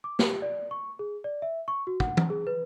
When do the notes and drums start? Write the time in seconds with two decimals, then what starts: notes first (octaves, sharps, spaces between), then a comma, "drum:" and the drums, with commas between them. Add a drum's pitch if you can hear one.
0.04 D6
0.19 G4, drum: snare
0.42 D5
0.71 C#6
0.99 G#4
1.24 D5
1.42 E5
1.68 C#6
1.87 F#4
2.00 F#5, drum: kick
2.17 drum: tom E3
2.30 G#4
2.47 B4